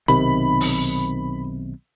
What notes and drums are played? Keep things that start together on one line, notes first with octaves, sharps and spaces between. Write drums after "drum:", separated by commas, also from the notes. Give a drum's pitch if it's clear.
B1 C3 D#3 B5, drum: hi-hat
drum: open hi-hat